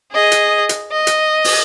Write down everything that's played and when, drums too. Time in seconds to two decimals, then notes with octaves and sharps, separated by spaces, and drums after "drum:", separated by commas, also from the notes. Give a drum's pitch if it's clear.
0.13 G#4 D#5
0.32 drum: hi-hat
0.69 drum: hi-hat
0.92 D#5
1.07 drum: hi-hat
1.44 drum: open hi-hat